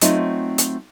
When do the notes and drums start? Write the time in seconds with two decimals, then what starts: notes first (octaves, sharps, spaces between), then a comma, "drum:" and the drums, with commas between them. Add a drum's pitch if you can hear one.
0.01 F#3 A3 C4 D#4 F4 D#5, drum: hi-hat
0.58 drum: hi-hat